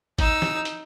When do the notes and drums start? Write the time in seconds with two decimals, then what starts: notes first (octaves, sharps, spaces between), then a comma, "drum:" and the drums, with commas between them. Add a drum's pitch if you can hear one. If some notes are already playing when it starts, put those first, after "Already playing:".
0.18 D#4 E6, drum: kick G#1, hi-hat
0.42 drum: snare
0.65 drum: hi-hat